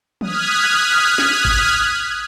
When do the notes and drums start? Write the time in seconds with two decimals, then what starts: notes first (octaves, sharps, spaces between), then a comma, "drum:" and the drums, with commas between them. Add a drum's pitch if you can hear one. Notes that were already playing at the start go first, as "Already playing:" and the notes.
0.21 D#6 F6 F#6 G#6 B6, drum: tom
1.18 drum: snare
1.45 drum: kick